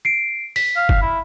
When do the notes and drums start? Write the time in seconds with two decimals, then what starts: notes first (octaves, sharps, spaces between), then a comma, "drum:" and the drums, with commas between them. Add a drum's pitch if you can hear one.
0.05 C7 D7
0.56 B6, drum: open hi-hat
0.76 F5
0.89 drum: kick
1.02 E4